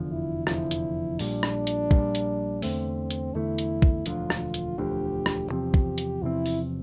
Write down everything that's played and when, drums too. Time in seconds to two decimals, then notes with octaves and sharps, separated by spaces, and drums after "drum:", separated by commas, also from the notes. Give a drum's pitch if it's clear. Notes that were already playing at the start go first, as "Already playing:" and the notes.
Already playing: F1 E2 D3 F3
0.11 E4
0.47 F1 E2 D3 F3 E4, drum: rim click
0.71 drum: hi-hat
1.19 A#1 A#2 G3 D4, drum: open hi-hat
1.43 drum: rim click
1.67 drum: hi-hat
1.91 A#1 A#2 G3, drum: kick
2.15 drum: hi-hat
2.62 E2 D3 A3 C4, drum: open hi-hat
3.11 drum: hi-hat
3.34 E2 D3 A3 E4
3.58 drum: hi-hat
3.82 drum: kick
4.06 E1 D2 D3 F3 F4, drum: hi-hat
4.30 drum: rim click
4.54 drum: hi-hat
4.78 E1 D2 D3 F3 G4
5.26 drum: rim click
5.50 E2 C3 F3 C4 G4
5.74 drum: kick
5.98 drum: hi-hat
6.22 E2 C3 F3 C4 E4
6.46 drum: open hi-hat